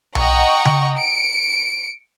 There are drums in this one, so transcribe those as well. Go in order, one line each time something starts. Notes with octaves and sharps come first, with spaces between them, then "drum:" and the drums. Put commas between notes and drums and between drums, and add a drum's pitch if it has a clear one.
D#5 F#5 G5 A#5 C#6, drum: tom B1
drum: tom C#3
C#7 D7